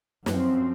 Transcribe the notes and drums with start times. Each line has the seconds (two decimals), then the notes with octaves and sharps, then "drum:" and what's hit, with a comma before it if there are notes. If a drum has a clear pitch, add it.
0.26 F#2 F3 C4, drum: snare